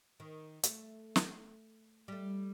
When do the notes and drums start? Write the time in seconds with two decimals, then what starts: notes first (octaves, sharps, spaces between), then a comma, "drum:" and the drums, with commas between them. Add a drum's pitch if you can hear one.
0.20 D#3
0.63 A3, drum: hi-hat
1.16 drum: snare
2.08 G3 A3